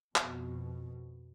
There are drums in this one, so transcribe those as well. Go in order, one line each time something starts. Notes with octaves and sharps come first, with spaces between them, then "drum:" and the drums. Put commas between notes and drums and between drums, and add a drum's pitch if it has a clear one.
F2 B2, drum: clap